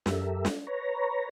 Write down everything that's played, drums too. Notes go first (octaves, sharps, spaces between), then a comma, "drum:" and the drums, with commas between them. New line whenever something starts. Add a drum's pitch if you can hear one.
F#2 G4 A4 A#4 E5, drum: snare
drum: snare
B4 C#5 A#5